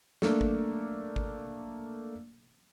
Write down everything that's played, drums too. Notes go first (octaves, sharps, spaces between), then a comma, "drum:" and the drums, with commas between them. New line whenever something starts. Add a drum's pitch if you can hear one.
A3 A#3 D4, drum: snare
drum: kick G#1
drum: kick G#1